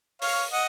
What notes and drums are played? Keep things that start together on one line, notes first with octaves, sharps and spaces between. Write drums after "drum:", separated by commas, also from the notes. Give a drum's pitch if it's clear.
C#5 F5, drum: open hi-hat
D#5 F#5